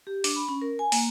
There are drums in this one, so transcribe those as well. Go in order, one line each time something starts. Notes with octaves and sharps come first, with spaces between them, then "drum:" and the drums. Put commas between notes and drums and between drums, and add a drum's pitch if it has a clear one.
G4
D4, drum: open hi-hat
B5
C#4
A#4
G#5
A#3, drum: open hi-hat